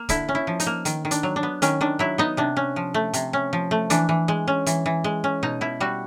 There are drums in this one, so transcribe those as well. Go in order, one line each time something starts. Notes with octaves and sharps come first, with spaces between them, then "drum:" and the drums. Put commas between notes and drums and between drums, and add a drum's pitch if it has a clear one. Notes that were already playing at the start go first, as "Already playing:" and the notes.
Already playing: A#3
D3 E4, drum: kick D1, hi-hat
C#4
E4
F3
D#4, drum: hi-hat
A#3
D#3, drum: hi-hat
D#3
D4, drum: hi-hat
F#3
D4
B3
D#3 C#4, drum: hi-hat
D#3 D4
F#3 E4
B3 D#4
C3 D4
C#4
F3
A3
C3, drum: hi-hat
C#4
F3
A3
E3 D4, drum: hi-hat
E3
G#3
C#4
E3, drum: hi-hat
E3
G#3
C#4
B2 D#4
B2 E4
G3 F#4